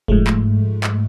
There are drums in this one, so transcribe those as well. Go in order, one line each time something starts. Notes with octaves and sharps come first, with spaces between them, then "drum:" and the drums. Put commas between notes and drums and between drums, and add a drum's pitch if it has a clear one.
G#2 F3 G#3 A3, drum: kick F1
drum: clap
drum: clap